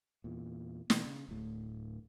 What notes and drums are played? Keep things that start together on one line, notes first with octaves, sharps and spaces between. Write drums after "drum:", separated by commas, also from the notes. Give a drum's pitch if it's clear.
E2 A#2
B2 E3, drum: snare
C#3
D1 A2